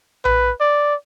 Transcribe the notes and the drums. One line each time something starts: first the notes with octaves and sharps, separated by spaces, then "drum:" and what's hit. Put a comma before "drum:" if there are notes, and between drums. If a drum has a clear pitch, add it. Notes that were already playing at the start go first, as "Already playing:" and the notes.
B4, drum: tom A#1
D5